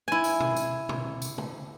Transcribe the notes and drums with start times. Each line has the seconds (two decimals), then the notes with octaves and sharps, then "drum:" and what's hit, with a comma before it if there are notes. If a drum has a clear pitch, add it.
0.08 E4 G#5
0.24 drum: tambourine
0.40 drum: tom
0.57 drum: tambourine
0.89 drum: tom
1.22 drum: tambourine
1.38 drum: tom